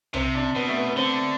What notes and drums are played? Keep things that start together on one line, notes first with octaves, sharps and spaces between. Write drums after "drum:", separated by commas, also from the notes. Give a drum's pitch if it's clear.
C3 C4, drum: tom B1
D4
B2 B3
A3
B3
B3
D3 C4